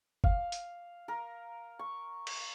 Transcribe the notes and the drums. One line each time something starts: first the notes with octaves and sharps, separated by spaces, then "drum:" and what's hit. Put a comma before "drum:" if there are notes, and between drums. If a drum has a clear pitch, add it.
F5, drum: kick
drum: hi-hat
A#4
C#6
drum: cymbal